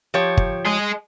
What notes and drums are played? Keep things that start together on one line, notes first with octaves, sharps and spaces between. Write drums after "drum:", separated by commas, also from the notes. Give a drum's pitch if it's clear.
F3 G4 C#5
drum: kick G1
G#4 D#5